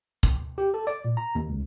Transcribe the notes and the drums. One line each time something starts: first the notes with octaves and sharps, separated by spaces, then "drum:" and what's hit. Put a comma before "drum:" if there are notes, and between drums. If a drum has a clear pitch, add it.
drum: kick
G4
A4
D5
A#2
A#5
D#2
C#2